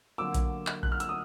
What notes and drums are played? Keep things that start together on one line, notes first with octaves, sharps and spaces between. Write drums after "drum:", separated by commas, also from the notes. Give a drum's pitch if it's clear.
D3 F#3 A#3 D6 E6
drum: kick A#1, hi-hat
drum: clap
F#6, drum: kick A#1
F6
E6, drum: hi-hat
D#6